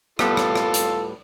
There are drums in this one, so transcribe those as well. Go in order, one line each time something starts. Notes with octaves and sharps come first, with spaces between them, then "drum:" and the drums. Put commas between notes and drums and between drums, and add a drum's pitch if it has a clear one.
A2 G3 B3 F4 A4, drum: rim click
drum: rim click
drum: rim click
drum: hi-hat